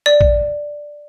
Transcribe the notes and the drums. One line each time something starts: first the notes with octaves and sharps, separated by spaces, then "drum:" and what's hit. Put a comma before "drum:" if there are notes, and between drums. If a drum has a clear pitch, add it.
D5
drum: kick A#1